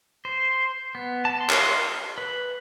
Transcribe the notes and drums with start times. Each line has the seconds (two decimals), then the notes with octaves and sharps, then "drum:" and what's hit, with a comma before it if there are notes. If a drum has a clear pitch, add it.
0.25 C5
0.95 B3
1.25 A5
1.41 C6
1.50 drum: clap
2.18 B4